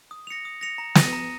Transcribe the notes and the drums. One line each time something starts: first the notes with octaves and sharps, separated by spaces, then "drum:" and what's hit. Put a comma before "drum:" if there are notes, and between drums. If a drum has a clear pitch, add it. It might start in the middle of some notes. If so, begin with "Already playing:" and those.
D#6
A#6 C#7 F7
D#6
A#6 C#7 F7
A#5
D#6 A#6 D#7, drum: snare
A#5